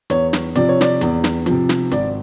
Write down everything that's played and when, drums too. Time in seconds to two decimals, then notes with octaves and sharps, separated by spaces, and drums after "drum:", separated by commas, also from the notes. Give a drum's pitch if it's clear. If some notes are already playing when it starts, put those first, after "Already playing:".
0.10 E2 C#5, drum: hi-hat
0.33 drum: snare
0.55 C3 F3 D5, drum: hi-hat
0.69 C#5
0.81 D5, drum: snare
1.01 E2, drum: hi-hat
1.24 drum: snare
1.46 C3 F3, drum: hi-hat
1.69 drum: snare
1.92 G#1 D5, drum: hi-hat